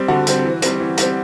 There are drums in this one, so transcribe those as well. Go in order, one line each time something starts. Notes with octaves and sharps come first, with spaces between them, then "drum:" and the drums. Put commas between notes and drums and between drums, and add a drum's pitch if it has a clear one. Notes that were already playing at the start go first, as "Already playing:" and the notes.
Already playing: G3 C4
D3 F#4
G3 C4, drum: hi-hat
E3
G3 C4, drum: hi-hat
E3
G3 C4, drum: hi-hat